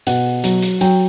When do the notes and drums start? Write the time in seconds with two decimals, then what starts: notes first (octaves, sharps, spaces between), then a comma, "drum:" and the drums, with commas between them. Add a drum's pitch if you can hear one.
0.07 B2 F#5, drum: hi-hat
0.44 F#3, drum: hi-hat
0.62 drum: hi-hat
0.81 F#3 G5, drum: hi-hat